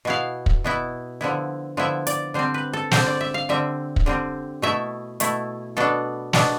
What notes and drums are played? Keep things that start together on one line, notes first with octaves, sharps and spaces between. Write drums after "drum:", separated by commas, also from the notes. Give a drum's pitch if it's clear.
B2 B3 E4 F5
drum: kick
B2 B3 E4
D3 F3 B3 E4
D3 F3 B3 E4 E5
D5, drum: hi-hat
D3 G3 C4 C5
B4
A4
D3 G3 C4 C5, drum: snare
D5
E5
F5
D3 G3 C4 E5
drum: kick
D3 G3 C4
B2 A3 E4 E5
B2 A3 E4, drum: hi-hat
B2 B3 D4 A4
B2 B3 D4, drum: snare